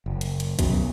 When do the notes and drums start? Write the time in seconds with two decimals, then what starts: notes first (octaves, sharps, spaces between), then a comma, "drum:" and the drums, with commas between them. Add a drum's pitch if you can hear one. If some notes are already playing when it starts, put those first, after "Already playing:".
0.06 F#1
0.21 drum: hi-hat
0.40 drum: hi-hat
0.59 F#2 B2, drum: kick B1, hi-hat